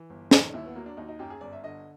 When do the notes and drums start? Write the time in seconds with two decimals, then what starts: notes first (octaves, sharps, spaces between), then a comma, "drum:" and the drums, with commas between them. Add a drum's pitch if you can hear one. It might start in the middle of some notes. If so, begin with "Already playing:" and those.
Already playing: E3
0.10 G1
0.31 D#3 D#4, drum: snare
0.54 D#2 E4
0.66 B3
0.76 F#3 A#3
0.86 D4
0.97 D#2 D#4
1.08 D#4
1.19 F#2 G4
1.30 G#4
1.41 G1 D5
1.52 E5
1.63 D3 D#5